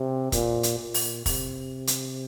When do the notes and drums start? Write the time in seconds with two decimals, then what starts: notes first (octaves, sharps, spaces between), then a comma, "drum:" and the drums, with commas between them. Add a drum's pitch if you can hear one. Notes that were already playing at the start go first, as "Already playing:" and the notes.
Already playing: C3
0.32 A#2, drum: kick, hi-hat
0.63 drum: hi-hat
0.79 A#2
0.94 drum: open hi-hat
1.26 C3, drum: kick, open hi-hat
1.87 drum: hi-hat